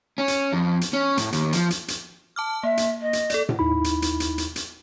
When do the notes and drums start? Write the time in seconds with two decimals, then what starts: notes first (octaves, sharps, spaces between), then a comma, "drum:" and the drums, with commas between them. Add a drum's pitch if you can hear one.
0.18 C#4
0.28 drum: hi-hat
0.53 F2
0.81 drum: hi-hat
0.93 C#4
1.17 A2, drum: hi-hat
1.33 D#2, drum: hi-hat
1.53 F3, drum: hi-hat
1.70 drum: hi-hat
1.88 drum: hi-hat
2.36 A5 D6 F6
2.63 A#3 E5
2.77 drum: hi-hat
3.01 D#5
3.13 drum: hi-hat
3.30 A4 D5, drum: hi-hat
3.49 drum: tom A2
3.59 D#2 D#4 E4 B5
3.84 drum: hi-hat
4.02 drum: hi-hat
4.20 drum: hi-hat
4.38 drum: hi-hat
4.56 drum: hi-hat